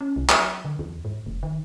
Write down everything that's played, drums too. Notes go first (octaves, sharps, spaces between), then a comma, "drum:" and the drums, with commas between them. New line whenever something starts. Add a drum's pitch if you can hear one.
C#4
C2
F#3, drum: clap
D3
E2
G#2
F1
D#3